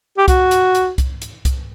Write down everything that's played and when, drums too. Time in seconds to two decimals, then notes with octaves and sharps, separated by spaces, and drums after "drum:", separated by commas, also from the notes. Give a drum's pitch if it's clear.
0.18 G4
0.28 F#4, drum: kick C2, hi-hat
0.51 drum: hi-hat
0.75 drum: hi-hat
0.98 drum: kick C2, hi-hat
1.22 drum: hi-hat
1.45 drum: kick C2, hi-hat